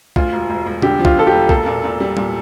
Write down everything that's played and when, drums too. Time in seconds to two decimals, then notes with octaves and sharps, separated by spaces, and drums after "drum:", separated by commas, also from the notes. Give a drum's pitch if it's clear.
0.16 D2 F4, drum: kick
0.33 E1
0.50 E1
0.66 E1
0.82 D3 G4, drum: tom
0.99 F3
1.05 F4, drum: kick
1.17 F3 A4
1.27 G4
1.32 E1
1.49 A#3 A4, drum: kick
1.66 A#2
1.84 A#2
2.00 G3
2.17 A#2, drum: tom